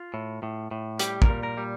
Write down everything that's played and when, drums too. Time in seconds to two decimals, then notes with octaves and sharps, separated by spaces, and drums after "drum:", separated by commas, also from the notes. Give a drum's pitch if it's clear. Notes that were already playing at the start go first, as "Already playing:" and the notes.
Already playing: F4
0.14 A2
0.43 A2
0.71 A2
0.99 G3 G4, drum: hi-hat
1.22 A#4, drum: kick
1.30 A#2
1.43 A#4
1.58 G3